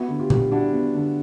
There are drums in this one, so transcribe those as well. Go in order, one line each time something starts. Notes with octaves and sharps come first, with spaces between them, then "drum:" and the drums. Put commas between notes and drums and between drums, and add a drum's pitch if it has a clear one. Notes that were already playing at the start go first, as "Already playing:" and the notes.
Already playing: B3 E4 F#4
D3
F4 G4
G3, drum: tom A#2
D4 E4 F#4
B3
D3